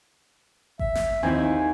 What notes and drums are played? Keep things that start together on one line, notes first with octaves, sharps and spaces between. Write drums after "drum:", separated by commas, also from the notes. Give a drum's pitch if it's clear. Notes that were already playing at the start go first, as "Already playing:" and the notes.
E5, drum: kick G#1
drum: snare
D#2 C4 D#4 E4 G#5